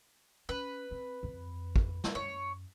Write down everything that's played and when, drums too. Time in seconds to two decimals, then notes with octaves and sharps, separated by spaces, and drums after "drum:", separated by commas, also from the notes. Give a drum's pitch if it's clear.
0.49 C#4 B4
0.91 C4
1.23 F2 D3
1.76 drum: kick
2.04 drum: snare
2.15 F#2 C#5